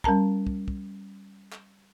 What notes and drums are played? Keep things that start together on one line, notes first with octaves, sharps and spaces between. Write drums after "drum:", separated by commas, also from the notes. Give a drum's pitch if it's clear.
G3 C#4 A#4 A5 A#5, drum: kick
drum: kick
drum: kick
drum: clap